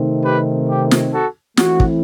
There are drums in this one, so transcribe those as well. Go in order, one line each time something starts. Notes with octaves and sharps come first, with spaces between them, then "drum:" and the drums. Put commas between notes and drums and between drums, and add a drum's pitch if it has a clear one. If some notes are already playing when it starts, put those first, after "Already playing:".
Already playing: C3 D#3 A3 C4 D#4
G4 B4
G4
drum: snare
F#4 A4
E3 A3 C4 E4 F#4, drum: snare
drum: kick